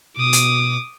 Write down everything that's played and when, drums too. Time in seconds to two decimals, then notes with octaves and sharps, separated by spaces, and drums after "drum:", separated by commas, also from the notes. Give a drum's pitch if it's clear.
0.17 B2 D6 D#6
0.33 drum: hi-hat